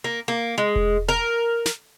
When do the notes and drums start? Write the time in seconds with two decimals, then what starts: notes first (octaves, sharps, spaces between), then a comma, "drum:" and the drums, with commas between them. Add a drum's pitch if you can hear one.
0.04 A#3
0.28 A#3
0.58 G#3
0.76 drum: kick E1
1.09 A#4
1.66 drum: snare